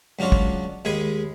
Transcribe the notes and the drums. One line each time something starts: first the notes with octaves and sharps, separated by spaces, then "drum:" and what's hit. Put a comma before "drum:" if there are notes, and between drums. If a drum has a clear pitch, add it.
C#2 F#3 D4 F4 F#4
drum: kick
D#2 G#3 G#4 G#5 B5